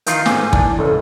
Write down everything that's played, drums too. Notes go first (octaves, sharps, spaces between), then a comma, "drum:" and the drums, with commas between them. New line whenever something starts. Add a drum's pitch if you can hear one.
D#3 E3 F4 A#4 G6, drum: hi-hat
A1 G#2 G#5 D6, drum: snare
A#2 E3 D4, drum: kick
C#2 A4